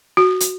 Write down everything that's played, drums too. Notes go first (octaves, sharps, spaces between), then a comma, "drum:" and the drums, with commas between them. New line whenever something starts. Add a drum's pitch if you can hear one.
F#4
drum: hi-hat